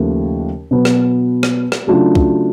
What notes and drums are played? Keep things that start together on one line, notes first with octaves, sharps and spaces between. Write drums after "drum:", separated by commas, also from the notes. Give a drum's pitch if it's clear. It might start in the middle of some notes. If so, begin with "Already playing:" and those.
Already playing: D#2 C#3 F3 A3
B2 F#3 B3
drum: rim click
drum: rim click
drum: rim click
C#3 F#3 A3 D4 F4
drum: kick